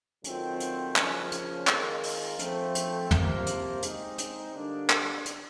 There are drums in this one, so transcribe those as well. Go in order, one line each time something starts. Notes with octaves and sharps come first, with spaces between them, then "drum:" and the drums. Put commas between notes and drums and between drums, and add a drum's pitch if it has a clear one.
D#3 F#3 A3 C4 F4, drum: hi-hat
drum: hi-hat
C#3 F3 A#3 C#4 F4, drum: clap
drum: hi-hat
D#3 G#3 C4 F4 A#4, drum: clap
drum: open hi-hat
F3 A3 C4, drum: hi-hat
drum: hi-hat
C3 F3 A#3, drum: tom
drum: hi-hat
G#3 C4 D#4, drum: hi-hat
drum: hi-hat
D3 G3 A#3 D4
drum: clap
drum: hi-hat